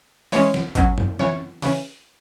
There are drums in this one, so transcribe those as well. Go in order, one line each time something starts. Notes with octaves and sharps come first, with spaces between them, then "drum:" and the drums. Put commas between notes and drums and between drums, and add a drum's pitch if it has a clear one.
E3 G#3 C#4 C#5, drum: open hi-hat
drum: snare
B2 F#3 C#4, drum: kick G#1, hi-hat
drum: tom F#2
E3 C#4 C#5, drum: snare
C#3 E3 C#4, drum: open hi-hat